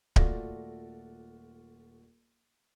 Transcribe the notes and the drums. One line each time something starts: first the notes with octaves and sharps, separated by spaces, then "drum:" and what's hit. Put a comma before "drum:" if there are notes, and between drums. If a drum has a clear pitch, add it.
D#1 A3 F4 F#4 D5 A#6, drum: kick D1